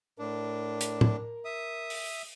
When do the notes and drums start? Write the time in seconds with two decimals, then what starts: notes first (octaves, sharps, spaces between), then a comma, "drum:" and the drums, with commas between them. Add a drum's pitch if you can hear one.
0.19 A2 D4 A#4
0.81 drum: hi-hat
1.01 drum: tom
1.45 E5 D#6
1.90 drum: open hi-hat